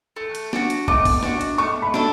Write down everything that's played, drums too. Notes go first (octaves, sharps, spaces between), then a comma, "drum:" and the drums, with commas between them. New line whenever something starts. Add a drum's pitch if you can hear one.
A3
drum: hi-hat
D4 F#4, drum: snare
drum: hi-hat
A3 D6, drum: kick
drum: kick, open hi-hat
D4 F#4, drum: snare
drum: hi-hat
A3 C#6
B5
D4 A4, drum: snare